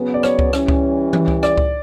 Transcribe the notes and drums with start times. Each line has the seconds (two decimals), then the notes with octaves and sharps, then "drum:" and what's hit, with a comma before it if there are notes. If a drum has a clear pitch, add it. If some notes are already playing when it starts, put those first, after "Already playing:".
Already playing: C#3 F#3 B3
0.14 D5
0.23 C#5, drum: rim click
0.39 drum: kick C#2
0.53 E3 G3 C#4, drum: rim click
0.68 drum: kick C#2
1.13 drum: tom E3
1.28 drum: kick C#2
1.43 D5, drum: rim click
1.58 drum: kick C#2